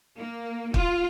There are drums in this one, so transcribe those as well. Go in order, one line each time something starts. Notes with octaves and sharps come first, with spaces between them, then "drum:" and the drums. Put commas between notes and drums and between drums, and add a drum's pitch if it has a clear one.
A#3
F4, drum: kick